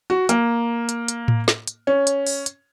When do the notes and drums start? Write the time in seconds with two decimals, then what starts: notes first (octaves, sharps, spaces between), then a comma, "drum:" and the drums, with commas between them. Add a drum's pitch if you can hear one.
0.10 F#4
0.29 A#3, drum: hi-hat
0.89 drum: hi-hat
1.08 drum: hi-hat
1.28 drum: tom A2
1.48 drum: snare
1.67 drum: hi-hat
1.87 C#4
2.07 drum: hi-hat
2.27 drum: open hi-hat
2.46 drum: hi-hat